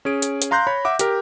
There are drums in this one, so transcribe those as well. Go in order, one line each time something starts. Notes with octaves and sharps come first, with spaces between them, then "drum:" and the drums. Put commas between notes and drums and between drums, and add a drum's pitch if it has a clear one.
C#4 G#4 D7
drum: hi-hat
drum: hi-hat
F5 A#5 C6 F#6 G6 A#6
C#5 B5
E5 F#5 D6
G4 A#4, drum: hi-hat